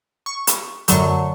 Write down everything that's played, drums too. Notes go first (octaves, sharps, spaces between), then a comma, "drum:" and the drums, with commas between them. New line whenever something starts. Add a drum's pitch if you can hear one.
C#6
drum: hi-hat
F#2 D3 F#3 A3 C#6, drum: hi-hat